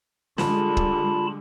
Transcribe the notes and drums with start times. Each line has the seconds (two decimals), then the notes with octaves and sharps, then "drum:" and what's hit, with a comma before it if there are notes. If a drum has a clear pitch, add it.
0.38 D3 G3 G#3 F4 A5 B5, drum: snare
0.77 drum: kick